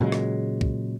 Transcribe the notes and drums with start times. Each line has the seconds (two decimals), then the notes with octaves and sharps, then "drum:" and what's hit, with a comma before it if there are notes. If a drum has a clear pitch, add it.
0.01 A#2 C#3 F#3 G#3
0.12 drum: rim click
0.61 drum: kick